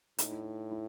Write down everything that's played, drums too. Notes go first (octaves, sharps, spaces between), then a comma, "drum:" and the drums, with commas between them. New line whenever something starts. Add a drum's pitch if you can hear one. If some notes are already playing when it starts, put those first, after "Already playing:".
A2 D#4, drum: hi-hat
E4
D#4
E4